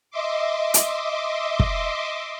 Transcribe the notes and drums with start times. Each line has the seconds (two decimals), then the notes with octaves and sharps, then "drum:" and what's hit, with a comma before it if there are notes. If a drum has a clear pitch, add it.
0.10 D#5 E5 C6 D6
0.74 drum: hi-hat
1.60 drum: kick